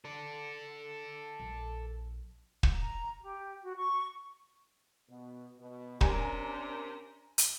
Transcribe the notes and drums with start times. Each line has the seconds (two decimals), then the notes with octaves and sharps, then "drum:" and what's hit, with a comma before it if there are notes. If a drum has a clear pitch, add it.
0.05 A4 D5
1.40 A#1
2.63 drum: kick
2.73 A#5
3.22 G4
3.63 F#4
3.77 C#6
5.10 B2 B3
5.58 B2
6.01 C3 G3 C#4 D4 A#4 G#5 A#5, drum: kick
7.38 drum: hi-hat